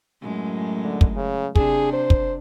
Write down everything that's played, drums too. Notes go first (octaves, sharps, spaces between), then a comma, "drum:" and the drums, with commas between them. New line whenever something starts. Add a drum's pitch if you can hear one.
F#2 A2 G#3
D3
drum: kick
C#3
C3 D4 G#4, drum: kick
C5
drum: kick